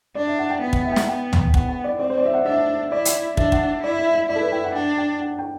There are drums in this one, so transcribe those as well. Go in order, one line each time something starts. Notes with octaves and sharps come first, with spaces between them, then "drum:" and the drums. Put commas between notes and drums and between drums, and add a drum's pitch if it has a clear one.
D4 D5
E5
F#5
G5
B3 F#5
F#5, drum: kick
E5
G5
F#5, drum: snare
B3 G5
drum: tom
B3 F#5, drum: kick
F#5
D5
C4 D5
C5
D5
E5
F#5
D4 E5
E4 D5
drum: hi-hat
D4 E5, drum: kick
F#5, drum: kick
E4 D5
E5
E5
E4 D5
A4
B4
G5
F#5
D4 G5
G5
F#5
G5